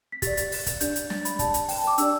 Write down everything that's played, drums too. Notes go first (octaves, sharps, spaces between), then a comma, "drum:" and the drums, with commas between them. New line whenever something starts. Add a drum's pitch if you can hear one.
B6
G4 D5 A6, drum: kick, hi-hat
A6, drum: hi-hat
drum: open hi-hat
drum: kick, hi-hat
D4 G4 D5 G6, drum: hi-hat
drum: hi-hat
A6, drum: snare
B5, drum: hi-hat
G4 D5 A5, drum: kick, hi-hat
drum: hi-hat
G5, drum: open hi-hat
A5
D6
D4 G4 D5 E6, drum: hi-hat